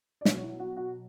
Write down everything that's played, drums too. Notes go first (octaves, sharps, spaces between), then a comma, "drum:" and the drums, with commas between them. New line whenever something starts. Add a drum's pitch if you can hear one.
D5
B2 F#3 C#5, drum: snare
E4
F#4
F#4